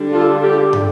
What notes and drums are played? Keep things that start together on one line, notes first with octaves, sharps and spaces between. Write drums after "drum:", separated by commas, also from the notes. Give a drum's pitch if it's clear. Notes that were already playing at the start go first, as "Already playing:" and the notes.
Already playing: D3 G3 D4
F4 A4
G4
drum: tom